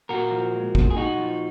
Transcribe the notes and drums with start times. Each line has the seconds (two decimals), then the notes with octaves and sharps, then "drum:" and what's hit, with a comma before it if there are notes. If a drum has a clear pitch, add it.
0.09 A#2 F#4 A#4
0.31 F3
0.54 G#3
0.75 A#2, drum: kick
0.90 G#4
0.96 A#2 D#4 F#4
1.18 F3